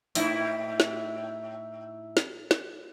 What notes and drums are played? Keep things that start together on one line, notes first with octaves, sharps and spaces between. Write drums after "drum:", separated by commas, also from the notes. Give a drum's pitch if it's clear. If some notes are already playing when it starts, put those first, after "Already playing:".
A2 D#4 E4, drum: open hi-hat
drum: snare
drum: snare
drum: snare